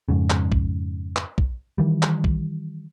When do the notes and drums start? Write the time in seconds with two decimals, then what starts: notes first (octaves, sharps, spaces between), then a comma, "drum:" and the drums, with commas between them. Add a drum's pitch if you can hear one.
0.09 F2 G#2 C#3
0.30 drum: clap
0.52 drum: kick
1.16 drum: clap
1.38 drum: kick
1.78 D#3 E3 G3
2.03 drum: clap
2.24 drum: kick